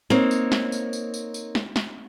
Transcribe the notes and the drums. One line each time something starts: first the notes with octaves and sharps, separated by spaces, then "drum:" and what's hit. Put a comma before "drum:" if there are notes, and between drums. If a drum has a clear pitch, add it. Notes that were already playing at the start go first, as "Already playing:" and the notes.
A#3 C4 D#4 C#5, drum: snare
drum: tambourine
drum: snare
drum: tambourine
drum: tambourine
drum: tambourine
drum: tambourine
drum: snare
drum: snare